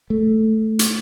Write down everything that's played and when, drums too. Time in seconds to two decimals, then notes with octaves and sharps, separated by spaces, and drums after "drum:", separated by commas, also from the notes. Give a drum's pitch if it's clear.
0.10 A3
0.79 drum: hi-hat